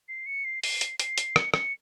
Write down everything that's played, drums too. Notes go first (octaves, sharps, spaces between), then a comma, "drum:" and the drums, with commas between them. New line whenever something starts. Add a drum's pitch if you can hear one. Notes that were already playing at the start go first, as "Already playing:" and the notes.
C7
C#7
C7
C7, drum: open hi-hat
drum: hi-hat
C7, drum: hi-hat
drum: hi-hat
C#7, drum: rim click
C#7, drum: rim click